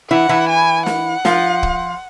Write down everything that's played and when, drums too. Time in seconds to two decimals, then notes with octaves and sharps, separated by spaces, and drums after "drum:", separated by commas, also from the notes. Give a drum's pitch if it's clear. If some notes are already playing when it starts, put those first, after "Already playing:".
0.11 E3 E4 F#5
0.29 E3 E4
0.49 G#5
0.86 F#5, drum: snare
1.25 F3 F4, drum: snare
1.63 drum: kick